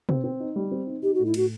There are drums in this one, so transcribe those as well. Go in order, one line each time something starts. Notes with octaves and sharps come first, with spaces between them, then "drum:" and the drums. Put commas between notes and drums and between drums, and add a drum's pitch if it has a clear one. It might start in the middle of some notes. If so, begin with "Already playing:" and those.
C4, drum: tom
C4
D#4
G3
C4
D#4
D#4 G4
A2 F#4
E4
A2 F#4, drum: cymbal